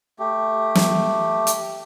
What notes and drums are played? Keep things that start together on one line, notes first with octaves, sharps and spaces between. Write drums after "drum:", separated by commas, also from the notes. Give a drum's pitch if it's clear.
A3 G4
drum: snare
drum: hi-hat